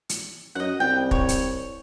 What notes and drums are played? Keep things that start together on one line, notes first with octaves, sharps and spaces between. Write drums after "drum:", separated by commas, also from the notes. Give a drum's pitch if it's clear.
drum: hi-hat
F#2 D#5 F#5
C2 G5
C#5, drum: kick
drum: hi-hat